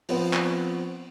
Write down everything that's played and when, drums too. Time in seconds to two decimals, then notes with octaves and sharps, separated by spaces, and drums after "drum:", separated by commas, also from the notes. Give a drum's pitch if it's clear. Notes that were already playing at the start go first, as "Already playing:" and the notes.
0.09 F3 B3 C4, drum: open hi-hat
0.33 drum: clap